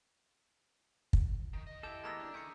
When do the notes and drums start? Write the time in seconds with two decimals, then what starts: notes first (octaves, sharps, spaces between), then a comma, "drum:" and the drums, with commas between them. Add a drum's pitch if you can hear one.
1.13 drum: kick
1.53 D#3
1.67 D#3 D#5
1.83 E4 G4 A4 D6 E6 G6
2.04 G#3 A#3 B3 A5 A#5 E6
2.20 D4
2.34 D3 D#3 E4 G#4 G6 C#7